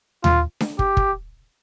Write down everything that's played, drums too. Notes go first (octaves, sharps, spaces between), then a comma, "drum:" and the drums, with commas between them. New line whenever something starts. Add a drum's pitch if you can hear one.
F4, drum: tom D#2
drum: snare D4
G4, drum: kick
drum: kick